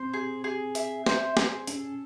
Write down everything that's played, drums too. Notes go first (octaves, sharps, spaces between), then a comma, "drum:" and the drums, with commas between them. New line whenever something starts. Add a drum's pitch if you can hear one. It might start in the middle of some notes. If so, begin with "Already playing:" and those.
Already playing: C4 C5
G#4
G#4
E5, drum: hi-hat
C5, drum: snare
G#4, drum: snare
C#4 A4, drum: hi-hat